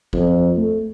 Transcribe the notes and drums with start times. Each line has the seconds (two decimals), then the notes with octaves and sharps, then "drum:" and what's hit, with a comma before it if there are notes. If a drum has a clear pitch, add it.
0.13 F2, drum: kick F#1
0.57 A3